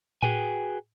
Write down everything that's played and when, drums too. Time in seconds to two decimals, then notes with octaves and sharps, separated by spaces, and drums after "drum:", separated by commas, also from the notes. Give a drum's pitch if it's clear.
0.23 F#4 G#4 B4 G5 G#5, drum: tom A2